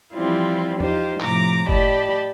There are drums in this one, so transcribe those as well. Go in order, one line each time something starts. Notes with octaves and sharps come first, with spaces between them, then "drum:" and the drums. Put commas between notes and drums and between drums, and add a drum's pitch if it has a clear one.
E3 F3 G3 C4 E4 F4
D#4 F4 G4 C5, drum: tom
A2 C3 F3 A#5 D6 A#6, drum: clap
G4 D5 D#5 A5 B5, drum: kick F#1